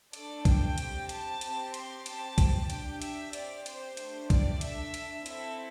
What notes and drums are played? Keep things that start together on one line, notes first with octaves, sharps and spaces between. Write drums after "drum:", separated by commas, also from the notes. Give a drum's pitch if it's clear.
A3 D4 A4 D5, drum: hi-hat
G5, drum: kick, hi-hat
C4 G4, drum: hi-hat
A5, drum: hi-hat
C4 G4, drum: hi-hat
C6, drum: hi-hat
C4 G4 A5, drum: hi-hat
drum: kick, hi-hat
D4 G4 G5, drum: hi-hat
E5, drum: hi-hat
C4 G4 D5, drum: hi-hat
C5, drum: hi-hat
A3 D4 G4, drum: hi-hat
D5, drum: kick, hi-hat
A3 D4 A4 E5, drum: hi-hat
drum: hi-hat
C4 E4 A4 E5, drum: hi-hat